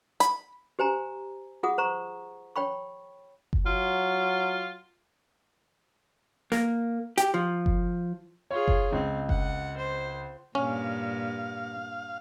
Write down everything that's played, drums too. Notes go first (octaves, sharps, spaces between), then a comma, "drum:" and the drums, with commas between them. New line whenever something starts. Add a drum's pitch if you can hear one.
B5, drum: hi-hat
G4 C5 G#5 A#5
F4 G#4 F#5 D#6
C5 A#5 C#6
C#5 G5 B5 C#6
drum: kick F#1
F#3 F4
A#3, drum: snare
G4, drum: hi-hat
F3
drum: kick F#1
F4 G#4 C#5
drum: kick F#1
C#2 C4
F#5, drum: kick F#1
C5
G2 A#2 C#4 F5